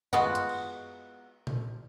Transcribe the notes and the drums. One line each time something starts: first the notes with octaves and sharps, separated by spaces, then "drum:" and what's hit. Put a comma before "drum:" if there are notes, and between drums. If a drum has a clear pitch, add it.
G#3 B3 F4 F#4, drum: tom F#2
drum: hi-hat
drum: cymbal
drum: tom A#2